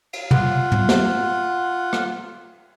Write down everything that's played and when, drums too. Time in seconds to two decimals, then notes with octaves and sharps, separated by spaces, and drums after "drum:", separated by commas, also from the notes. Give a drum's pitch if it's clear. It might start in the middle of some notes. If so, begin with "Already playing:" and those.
0.13 drum: cymbal
0.31 F4 F#5, drum: tom
0.72 drum: tom
0.89 drum: snare
1.93 drum: rim click